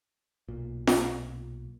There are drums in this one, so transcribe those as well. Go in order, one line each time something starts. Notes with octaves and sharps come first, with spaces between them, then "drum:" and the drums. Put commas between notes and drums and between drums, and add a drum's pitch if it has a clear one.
B1 A#2
drum: snare